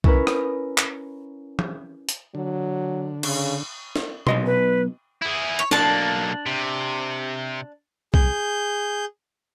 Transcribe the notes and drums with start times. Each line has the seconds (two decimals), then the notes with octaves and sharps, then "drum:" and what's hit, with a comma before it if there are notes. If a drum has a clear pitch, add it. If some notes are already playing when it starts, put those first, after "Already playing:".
0.04 C#4 E4 A#4 B4, drum: kick B1
0.27 drum: rim click
0.78 drum: clap
1.59 drum: tom E3
2.09 drum: hi-hat
2.35 D3 F#3
3.23 C#3, drum: cymbal
3.96 drum: snare
4.27 B1 D#5 C6, drum: tom
4.46 B4
5.22 E4 G#4
5.59 C#5
5.71 B1 A#3 D4 A5, drum: snare
6.46 C3
8.14 G#4 G6, drum: kick B1